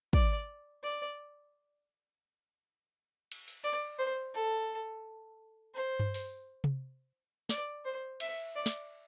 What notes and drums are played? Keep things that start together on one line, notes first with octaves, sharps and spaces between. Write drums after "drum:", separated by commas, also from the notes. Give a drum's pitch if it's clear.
D5, drum: kick
D5
drum: cymbal
drum: open hi-hat
D5, drum: hi-hat
C5
A4
C5
drum: tom G2
drum: open hi-hat
drum: tom C3
D5, drum: snare
C5
E5, drum: cymbal
D5
drum: snare